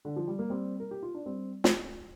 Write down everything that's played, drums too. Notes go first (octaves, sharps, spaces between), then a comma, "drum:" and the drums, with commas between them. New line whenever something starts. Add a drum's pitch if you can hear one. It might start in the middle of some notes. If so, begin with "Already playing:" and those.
D3
F3
G3
A#3
G3 C4
A#4
G4
F4
D4
G3 C4
drum: snare